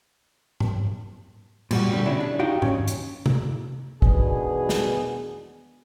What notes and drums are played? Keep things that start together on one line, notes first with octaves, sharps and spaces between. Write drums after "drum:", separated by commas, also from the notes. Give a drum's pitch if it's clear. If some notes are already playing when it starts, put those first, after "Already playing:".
drum: tom G#2
A#2 G3 F#4, drum: cymbal
B2 D3 G3
C#3 D4 E4
D4
D#4 F#4 G4 D#5 F5 G5
D#2 C#4, drum: tom G#2
drum: hi-hat
drum: tom C3
E2 B2 D#3 B3 D4 G#4, drum: kick
drum: snare